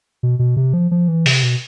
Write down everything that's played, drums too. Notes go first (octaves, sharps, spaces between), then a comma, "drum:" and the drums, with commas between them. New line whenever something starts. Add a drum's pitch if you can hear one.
B2
B2
C3
F3
F3
E3
C3, drum: open hi-hat
B2